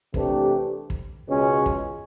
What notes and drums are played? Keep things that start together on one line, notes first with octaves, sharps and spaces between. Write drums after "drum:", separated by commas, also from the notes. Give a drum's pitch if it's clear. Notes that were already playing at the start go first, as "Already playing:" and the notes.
C3 E3 A3 D4 G4, drum: kick
drum: kick
C#2 B2 G#3 C#4
drum: kick